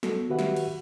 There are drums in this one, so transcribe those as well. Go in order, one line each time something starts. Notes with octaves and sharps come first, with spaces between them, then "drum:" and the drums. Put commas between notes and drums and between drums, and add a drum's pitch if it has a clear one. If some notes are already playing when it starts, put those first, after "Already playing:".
B3 F#4 A4, drum: snare
D#3 F#4 G4 B4 E5 F#5
drum: snare
drum: cymbal